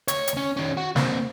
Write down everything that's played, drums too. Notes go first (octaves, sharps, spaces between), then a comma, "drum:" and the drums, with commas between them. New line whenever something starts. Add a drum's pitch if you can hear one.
D2 C#5, drum: hi-hat
drum: hi-hat
C#4
D#3 C#4
F#4
A#3 C4, drum: snare